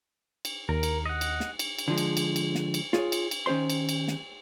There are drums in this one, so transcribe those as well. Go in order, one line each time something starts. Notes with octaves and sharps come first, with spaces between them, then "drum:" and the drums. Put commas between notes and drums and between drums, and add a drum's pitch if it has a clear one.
drum: cymbal
D#2 A#4
drum: cymbal
D#5 F#5
drum: cymbal
drum: snare
drum: cymbal
drum: cymbal
D3 F3 G#3
drum: cymbal
drum: cymbal
drum: cymbal
drum: snare
drum: cymbal
F4 G#4 C#5, drum: snare
drum: cymbal
drum: cymbal
D#3 C#4 G4 C5 C6
drum: cymbal
drum: cymbal
drum: snare